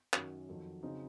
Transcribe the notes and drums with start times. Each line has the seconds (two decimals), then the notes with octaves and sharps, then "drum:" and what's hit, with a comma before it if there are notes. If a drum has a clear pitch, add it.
0.13 F#2 D#3 F#3 C#4 F#4, drum: clap
0.48 F2 D#3 F#3
0.83 C#3 F#3 C4 D#4